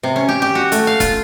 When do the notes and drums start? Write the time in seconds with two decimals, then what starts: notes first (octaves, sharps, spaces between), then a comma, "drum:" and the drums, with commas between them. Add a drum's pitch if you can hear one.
0.03 C3
0.16 C#4
0.29 G4
0.42 G4
0.55 F#4
0.72 A3, drum: hi-hat
0.87 F5
1.00 F4, drum: kick E1, hi-hat